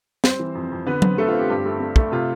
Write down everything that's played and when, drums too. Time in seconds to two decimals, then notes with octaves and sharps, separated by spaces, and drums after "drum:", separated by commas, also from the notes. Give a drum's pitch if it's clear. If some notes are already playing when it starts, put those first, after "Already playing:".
0.24 G3 C4 C5, drum: snare
0.40 E3
0.55 F2
0.71 F2
0.87 D3 B3 B4
1.02 C4, drum: tom F#3
1.18 D3 A3 A4
1.28 F4
1.33 C4
1.39 G4
1.50 G2 G4
1.66 A3
1.80 A3
1.96 A3, drum: kick
2.12 C3 F4